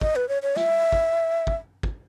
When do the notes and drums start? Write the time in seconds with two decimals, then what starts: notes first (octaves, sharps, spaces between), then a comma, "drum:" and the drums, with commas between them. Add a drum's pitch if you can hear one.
0.01 D#5, drum: kick
0.16 B4
0.29 C#5
0.42 C#5
0.56 E5, drum: snare
0.92 drum: kick
1.47 drum: kick
1.83 drum: kick